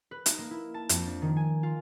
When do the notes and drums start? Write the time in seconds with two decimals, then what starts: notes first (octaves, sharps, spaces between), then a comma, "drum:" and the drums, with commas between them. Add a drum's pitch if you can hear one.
0.11 B4
0.26 D#4, drum: hi-hat
0.38 A#3
0.51 E4
0.74 A5
0.89 F2, drum: hi-hat
1.07 D4
1.22 D#3
1.37 G#5
1.63 F4